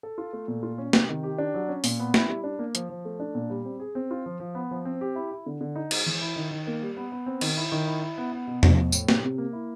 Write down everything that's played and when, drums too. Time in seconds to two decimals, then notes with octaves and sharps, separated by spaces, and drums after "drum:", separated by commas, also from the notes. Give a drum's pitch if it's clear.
0.03 A4
0.18 F4
0.33 A3
0.48 A#2
0.63 F4
0.78 C#4
0.93 C3, drum: snare
1.09 D#3
1.23 G4
1.38 D4
1.54 F#3
1.68 C#4
1.84 A#2, drum: open hi-hat
2.00 B3
2.14 E4, drum: snare
2.29 G3
2.44 D4
2.59 A#3
2.75 F3, drum: hi-hat
2.89 F3
3.05 A3
3.20 D4
3.35 A#2
3.50 G3
3.65 C4
3.80 G#4
3.95 C4
4.11 F4
4.26 F3
4.40 F3
4.55 B3
4.71 F3
4.85 C4
5.01 G4
5.16 E4
5.31 E4
5.46 D3
5.61 D3
5.75 D#4
5.91 G#3, drum: cymbal
6.06 E3
6.21 E4
6.36 D#3
6.51 D#3
6.67 A#3
6.82 G3
6.97 B3
7.12 B3
7.26 C4
7.41 D#3, drum: cymbal
7.57 E4
7.72 D#3
7.87 E4
8.02 E4
8.18 B3
8.32 B3
8.47 B2
8.63 B2, drum: tom
8.78 F3
8.92 A2, drum: tambourine
9.09 C3, drum: snare
9.23 C3
9.38 A#3
9.53 E4